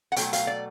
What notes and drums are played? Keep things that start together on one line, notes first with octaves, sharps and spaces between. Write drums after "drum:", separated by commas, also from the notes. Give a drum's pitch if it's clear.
F#5
B2 F#3 A3 G5, drum: hi-hat
F5, drum: hi-hat
D5